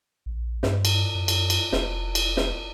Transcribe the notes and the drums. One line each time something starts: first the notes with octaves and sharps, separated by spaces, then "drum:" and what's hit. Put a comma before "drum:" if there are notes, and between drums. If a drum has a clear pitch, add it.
A#1
G2, drum: snare
drum: cymbal
F#2
drum: cymbal
drum: cymbal
F1, drum: snare
drum: cymbal
drum: snare